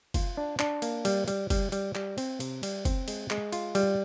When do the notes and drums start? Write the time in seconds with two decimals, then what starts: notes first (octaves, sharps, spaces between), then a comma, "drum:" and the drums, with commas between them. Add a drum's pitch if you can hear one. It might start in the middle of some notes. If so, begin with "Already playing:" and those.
0.14 F4, drum: kick F#1, cymbal
0.37 D4
0.59 D4, drum: clap
0.82 A#3, drum: cymbal
1.05 G3, drum: cymbal
1.28 G3, drum: cymbal
1.50 G3, drum: kick F#1, cymbal
1.72 G3, drum: cymbal
1.95 G3, drum: clap
2.18 C4, drum: cymbal
2.40 C3, drum: cymbal
2.63 G3, drum: cymbal
2.85 C4, drum: kick F#1, cymbal
3.08 G#3, drum: cymbal
3.31 G#3, drum: clap
3.52 F4, drum: cymbal
3.75 G3, drum: cymbal